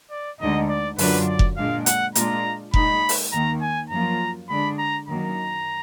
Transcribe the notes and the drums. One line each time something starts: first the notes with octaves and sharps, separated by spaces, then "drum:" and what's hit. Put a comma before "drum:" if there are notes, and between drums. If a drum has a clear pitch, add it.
D5
D2 D3 G#3 D#4 D#5
D5
F#2 D3 F#3 D4 F4 B4, drum: open hi-hat
D5
drum: kick F1
A#2 G#3 D4 F5
F#5, drum: hi-hat
A#2 G#3 D4 F4 A#5, drum: hi-hat
A#2 G#3 D#4 B5, drum: kick F1
drum: open hi-hat
D#2 D#3 A#3 A#5
G#5
F#2 F3 A#3 F4 A#5
D3 G#3 D4 B5
A#5
F#2 D#3 F#3 A#3 A#5